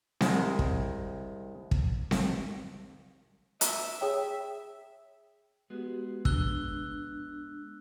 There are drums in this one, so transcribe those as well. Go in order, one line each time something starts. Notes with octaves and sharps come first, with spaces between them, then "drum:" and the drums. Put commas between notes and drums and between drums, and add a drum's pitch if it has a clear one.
C2 G#3, drum: snare C4
drum: kick
drum: kick
drum: snare C4
E5, drum: hi-hat
G#4 C#5 G5
G#3 B3 F#4 G4
D4 E6 F#6 G7, drum: kick